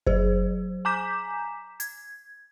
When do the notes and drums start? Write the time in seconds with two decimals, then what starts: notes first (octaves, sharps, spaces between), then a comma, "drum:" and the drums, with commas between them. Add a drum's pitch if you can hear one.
0.07 F#3 G#4 C5, drum: kick F#1
0.85 G#5 A#5 D6 G6 B6 E7
1.80 G#6, drum: hi-hat